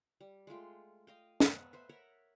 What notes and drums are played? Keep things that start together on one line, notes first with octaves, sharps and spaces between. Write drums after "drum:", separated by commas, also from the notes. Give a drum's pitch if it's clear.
G3
G#3 A3 F4 G5
D#5 F5 G5
B3 F#5, drum: snare
B4 C5 E5
A#4 C#5 E5 F#5